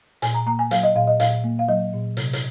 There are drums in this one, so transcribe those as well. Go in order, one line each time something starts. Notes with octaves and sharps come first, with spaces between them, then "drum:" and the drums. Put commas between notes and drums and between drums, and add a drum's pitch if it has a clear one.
A#2 G#5, drum: hi-hat
A#5
A#3 A#5
G#5
F#3 F5, drum: hi-hat
D#5
A#2 F5
D#5
A#2 F5, drum: hi-hat
A#3
F5
F#3 D#5
A#2
C3, drum: hi-hat
drum: hi-hat